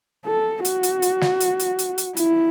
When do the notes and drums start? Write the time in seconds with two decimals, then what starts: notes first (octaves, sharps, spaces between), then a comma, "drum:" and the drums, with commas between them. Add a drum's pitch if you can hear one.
0.26 A4
0.65 F#4, drum: hi-hat
0.83 drum: hi-hat
1.02 drum: hi-hat
1.21 drum: snare
1.41 drum: hi-hat
1.60 drum: hi-hat
1.79 drum: hi-hat
1.98 drum: hi-hat
2.17 E4, drum: hi-hat